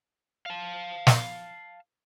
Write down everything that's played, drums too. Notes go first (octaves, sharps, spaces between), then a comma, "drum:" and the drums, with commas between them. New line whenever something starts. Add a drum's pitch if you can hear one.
F5 A5
drum: snare